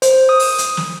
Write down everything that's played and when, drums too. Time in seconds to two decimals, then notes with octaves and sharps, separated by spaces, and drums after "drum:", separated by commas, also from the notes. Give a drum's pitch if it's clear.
0.02 C5, drum: hi-hat
0.29 D#6
0.40 drum: open hi-hat
0.58 drum: hi-hat
0.77 drum: snare